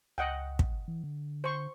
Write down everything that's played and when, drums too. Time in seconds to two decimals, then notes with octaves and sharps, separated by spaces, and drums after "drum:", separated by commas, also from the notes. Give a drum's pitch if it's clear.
0.18 C#2 D#5 F#5 G5
0.59 drum: kick
0.88 E3
1.04 D3
1.44 C5 C#6